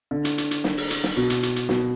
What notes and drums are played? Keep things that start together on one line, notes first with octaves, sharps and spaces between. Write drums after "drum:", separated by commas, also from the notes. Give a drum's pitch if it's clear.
D3
drum: hi-hat
drum: hi-hat
drum: hi-hat
drum: snare
drum: open hi-hat
drum: hi-hat
drum: snare
B2
drum: hi-hat
drum: hi-hat
drum: hi-hat
B2, drum: snare